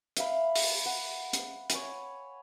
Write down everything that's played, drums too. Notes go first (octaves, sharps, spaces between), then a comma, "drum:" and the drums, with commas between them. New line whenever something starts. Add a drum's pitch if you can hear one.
E5 F5 B5, drum: hi-hat
drum: open hi-hat
F#5
drum: hi-hat
C#5 G#5 B5, drum: hi-hat